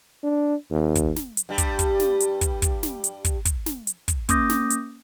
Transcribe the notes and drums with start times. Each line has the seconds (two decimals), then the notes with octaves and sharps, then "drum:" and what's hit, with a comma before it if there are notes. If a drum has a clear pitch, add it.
0.24 D4
0.71 D#2
0.95 drum: kick, hi-hat
1.16 drum: snare
1.37 drum: hi-hat
1.49 G2 G3
1.58 drum: kick, hi-hat
1.79 drum: kick, hi-hat
2.00 drum: snare
2.20 drum: hi-hat
2.41 drum: kick, hi-hat
2.62 drum: kick, hi-hat
2.83 drum: snare
3.04 drum: hi-hat
3.25 drum: kick, hi-hat
3.45 drum: kick, hi-hat
3.66 drum: snare
3.87 drum: hi-hat
4.08 drum: kick, hi-hat
4.29 A#3 C#4 D6 D#6 G6 A#6, drum: kick, hi-hat
4.49 drum: snare
4.70 drum: hi-hat